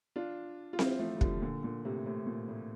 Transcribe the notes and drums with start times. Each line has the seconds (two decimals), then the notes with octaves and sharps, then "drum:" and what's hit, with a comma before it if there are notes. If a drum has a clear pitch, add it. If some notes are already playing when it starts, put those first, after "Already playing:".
0.16 D4 F4
0.73 F4
0.79 C4 E4, drum: snare C4
0.99 F3 A3
1.17 G3
1.21 D3 F3, drum: kick
1.42 A#2 D3
1.63 A#2 D3
1.84 A2 C3
2.06 A2 C3
2.27 A#2
2.48 A2